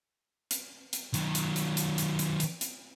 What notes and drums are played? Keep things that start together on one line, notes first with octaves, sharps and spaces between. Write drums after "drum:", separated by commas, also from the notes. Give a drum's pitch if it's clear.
drum: hi-hat
drum: hi-hat
D#3 F#3, drum: hi-hat
drum: hi-hat
drum: hi-hat
drum: hi-hat
drum: hi-hat
drum: hi-hat
drum: hi-hat
drum: hi-hat